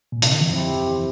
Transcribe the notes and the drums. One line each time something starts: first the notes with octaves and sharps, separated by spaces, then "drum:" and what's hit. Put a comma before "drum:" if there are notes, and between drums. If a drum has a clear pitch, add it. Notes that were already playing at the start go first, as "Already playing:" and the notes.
A#2
C3, drum: hi-hat
D3
E3
F2 F3 C4 E4 G4